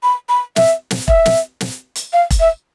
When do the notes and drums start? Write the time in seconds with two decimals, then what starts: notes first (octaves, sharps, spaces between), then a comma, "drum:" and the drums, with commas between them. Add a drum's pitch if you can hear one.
0.03 B5
0.29 B5
0.56 E5, drum: snare
0.91 drum: snare
1.08 E5, drum: kick E1
1.26 drum: snare
1.61 drum: snare
1.95 drum: hi-hat
2.13 F5
2.30 drum: kick E1, hi-hat
2.40 E5